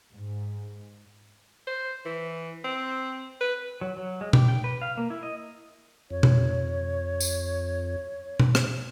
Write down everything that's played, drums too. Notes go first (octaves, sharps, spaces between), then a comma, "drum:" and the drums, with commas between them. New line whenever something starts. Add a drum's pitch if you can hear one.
G#2
C5
E3
C4
B4
F#3
F#3
G#3
G4, drum: tom B2
G5
B4
F5
A#3
E4
D#5
F2 C#5
drum: tom B2
drum: tambourine
drum: tom B2
drum: rim click